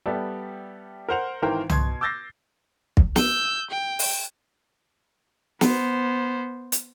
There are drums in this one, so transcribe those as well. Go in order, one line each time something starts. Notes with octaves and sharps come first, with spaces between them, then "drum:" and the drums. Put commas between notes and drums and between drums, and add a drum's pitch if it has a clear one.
G3 B3 G4 A4 D5 E5
A#4 C5 F#5 F7
G#1 D#3 E3 A#4 C5 G5
B2 C6 G#6, drum: tom C2
D6 E6 G6 A6 A#6 C7
drum: kick
E6 G6, drum: snare
G5
drum: open hi-hat
B3 C5, drum: snare
drum: hi-hat